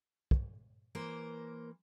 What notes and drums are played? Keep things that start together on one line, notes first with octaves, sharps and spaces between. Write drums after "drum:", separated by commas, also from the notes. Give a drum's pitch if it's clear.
drum: kick
E3 A#3 A#4 C5